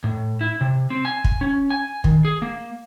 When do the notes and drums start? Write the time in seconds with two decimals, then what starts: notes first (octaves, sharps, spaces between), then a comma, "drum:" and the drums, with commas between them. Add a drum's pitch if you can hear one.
0.04 A2
0.41 E4
0.61 C3
0.90 C4
1.05 G#5
1.24 drum: kick
1.41 C#4
1.70 G#5
2.04 D#3, drum: kick
2.25 G#4
2.42 A#3